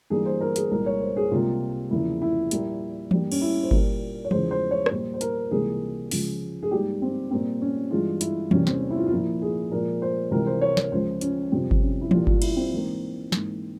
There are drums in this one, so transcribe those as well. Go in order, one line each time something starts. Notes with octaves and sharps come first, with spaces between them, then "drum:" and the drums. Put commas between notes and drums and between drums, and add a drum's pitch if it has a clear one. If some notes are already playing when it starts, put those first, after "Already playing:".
G2 E3 A#3 G#4
C5
A#4
G#4, drum: hi-hat
C2 A#2 G#3 A#4
C#5
C5
G#4
C#2 C3 G3 A#3 F4
E2 C#3 F3 A#3 E4
E4
A#2 G3 A#3, drum: hi-hat
G2 G3 A#3, drum: tom E3
C#4, drum: cymbal
E4
C5
A#2 G3 A#3 A#4, drum: kick G1
C#5
E2 C#3 F3 G#3 C5, drum: tom E3
C5
C#5
C#5, drum: rim click
A#2 G3 A#3 C5
C5
A#4, drum: hi-hat
C#2 C3 E3 G3 A#3 G#4
C#2 C#3 F3, drum: open hi-hat
G#4
G#2 G3 A#3 G4
C4
A#2 G3 A#3 C4
C#4
G2 E3 G#3 F4
E4, drum: hi-hat
E2 C3 G3 A#3 C#4, drum: tom E3
C4, drum: snare
E4
F4
F4
A#2 F3 A#3 E4
G#4
A#2 F3 G#3 A#4
C5
C#2 C3 E3 G3 A#4
C5
C#5
C#5, drum: snare
C#2 C#3 F3 G#3 C5
C#4, drum: hi-hat
F2 C3 G3 C4
drum: kick G1
C#4
E4
C2 A#2 G3 A#3 F4, drum: tom E3
F4, drum: kick G1
E4, drum: cymbal
C4
G#2 E3 A#3
G#2 E3 A#3, drum: snare